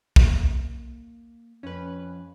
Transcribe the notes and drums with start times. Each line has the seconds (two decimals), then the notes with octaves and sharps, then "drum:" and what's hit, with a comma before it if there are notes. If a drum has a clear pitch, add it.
0.16 A#3, drum: kick B1
1.63 F2 C#4 B4